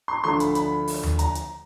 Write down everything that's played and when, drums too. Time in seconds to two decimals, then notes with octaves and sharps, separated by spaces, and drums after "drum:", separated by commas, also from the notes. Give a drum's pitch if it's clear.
0.08 C6
0.24 D2 D3 F3 A3 C6
0.40 B5, drum: hi-hat
0.55 B5, drum: hi-hat
0.88 drum: open hi-hat
1.03 drum: tom D#2
1.19 A#5, drum: hi-hat
1.35 drum: hi-hat